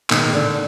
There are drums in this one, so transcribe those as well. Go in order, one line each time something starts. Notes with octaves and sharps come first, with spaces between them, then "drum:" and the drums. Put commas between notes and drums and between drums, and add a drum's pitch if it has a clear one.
B2 D#3 G#3 D#4, drum: clap
D3 D4